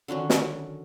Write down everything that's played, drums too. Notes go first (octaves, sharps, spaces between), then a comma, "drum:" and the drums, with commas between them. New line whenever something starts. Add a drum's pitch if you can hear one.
D3 D#3 F#3 C#4
drum: snare